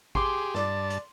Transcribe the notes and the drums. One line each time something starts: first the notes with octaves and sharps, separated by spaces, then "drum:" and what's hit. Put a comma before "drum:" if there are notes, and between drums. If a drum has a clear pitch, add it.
G4 G#4 C6 D6, drum: kick G#1
G2 D5 A5, drum: snare
drum: hi-hat